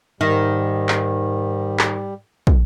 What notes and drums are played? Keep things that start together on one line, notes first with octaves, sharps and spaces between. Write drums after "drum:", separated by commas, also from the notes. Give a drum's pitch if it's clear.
G#2 D#3 G3
drum: clap
drum: clap
drum: kick